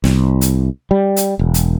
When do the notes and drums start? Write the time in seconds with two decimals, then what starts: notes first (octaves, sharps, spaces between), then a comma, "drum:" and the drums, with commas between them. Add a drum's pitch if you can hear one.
0.04 C2, drum: snare
0.41 drum: hi-hat
0.91 G3
1.16 drum: hi-hat
1.39 E1
1.54 drum: hi-hat